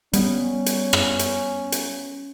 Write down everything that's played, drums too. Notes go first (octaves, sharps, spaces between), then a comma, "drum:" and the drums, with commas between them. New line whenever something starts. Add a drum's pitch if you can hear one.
G3 B3 C#4, drum: hi-hat
drum: hi-hat
drum: rim click
drum: hi-hat
drum: hi-hat